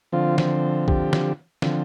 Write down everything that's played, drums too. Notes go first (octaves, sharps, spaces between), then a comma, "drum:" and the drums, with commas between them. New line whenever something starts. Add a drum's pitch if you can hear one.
D3 F3 C4 F4
drum: snare
G4, drum: kick
drum: snare
D3 F3 C4, drum: snare